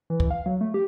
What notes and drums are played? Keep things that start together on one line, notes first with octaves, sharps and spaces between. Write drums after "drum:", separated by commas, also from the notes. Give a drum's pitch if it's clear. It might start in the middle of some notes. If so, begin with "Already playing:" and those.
E3
drum: kick
F5
F#3
A3
G4